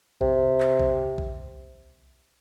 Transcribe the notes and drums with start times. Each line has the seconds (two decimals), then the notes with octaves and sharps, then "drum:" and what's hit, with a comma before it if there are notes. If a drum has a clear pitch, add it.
0.21 C3, drum: kick B1
0.60 drum: clap
0.80 drum: kick B1
1.18 drum: kick B1